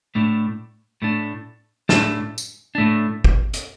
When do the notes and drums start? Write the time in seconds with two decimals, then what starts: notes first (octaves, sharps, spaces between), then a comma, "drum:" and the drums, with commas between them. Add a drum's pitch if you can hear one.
0.15 A2 A3 D4
1.02 A2 A3 D4
1.89 A2 A3 D4, drum: snare
2.38 drum: tambourine
2.75 A2 A3 D4
3.24 drum: kick
3.53 drum: hi-hat